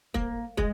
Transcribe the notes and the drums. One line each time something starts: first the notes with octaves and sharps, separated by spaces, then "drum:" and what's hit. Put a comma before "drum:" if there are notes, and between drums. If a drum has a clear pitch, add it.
A#3, drum: kick
G#3, drum: kick